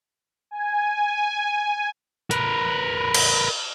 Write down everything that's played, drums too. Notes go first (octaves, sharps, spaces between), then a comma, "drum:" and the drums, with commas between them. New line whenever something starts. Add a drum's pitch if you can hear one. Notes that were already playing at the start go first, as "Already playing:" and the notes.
G#5
A#4 B4, drum: hi-hat
drum: cymbal